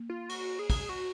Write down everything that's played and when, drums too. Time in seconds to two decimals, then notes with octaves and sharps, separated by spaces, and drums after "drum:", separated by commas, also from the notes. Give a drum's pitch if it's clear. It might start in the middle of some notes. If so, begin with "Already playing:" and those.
Already playing: A#3
0.10 F4
0.29 F#4, drum: cymbal
0.59 G#4
0.70 drum: kick, cymbal
0.89 F#4